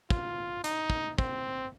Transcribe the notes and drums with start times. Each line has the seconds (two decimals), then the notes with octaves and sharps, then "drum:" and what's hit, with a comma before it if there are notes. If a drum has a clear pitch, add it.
0.10 F4, drum: kick
0.64 D#4, drum: hi-hat
0.90 drum: kick
1.18 C4, drum: kick